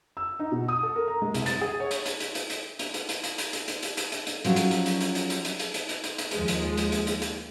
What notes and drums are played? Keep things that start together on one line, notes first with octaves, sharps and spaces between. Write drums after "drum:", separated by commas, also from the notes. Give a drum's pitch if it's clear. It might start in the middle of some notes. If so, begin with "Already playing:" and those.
E6
D#4
B2
D#6
A4
A#4
A#5
G#3
C2, drum: hi-hat
A6, drum: hi-hat
G#4
C#5
drum: hi-hat
drum: hi-hat
drum: hi-hat
drum: hi-hat
drum: hi-hat
drum: hi-hat
drum: hi-hat
drum: hi-hat
drum: hi-hat
drum: hi-hat
drum: hi-hat
drum: hi-hat
drum: hi-hat
drum: hi-hat
drum: hi-hat
drum: hi-hat
F3 F#3 C#4, drum: hi-hat
drum: hi-hat
drum: hi-hat
drum: hi-hat
drum: hi-hat
drum: hi-hat
drum: hi-hat
drum: hi-hat
drum: hi-hat
drum: hi-hat
drum: hi-hat
drum: hi-hat
drum: hi-hat
D#2 F3 G#3, drum: hi-hat
drum: hi-hat
drum: hi-hat
drum: hi-hat
drum: hi-hat
drum: hi-hat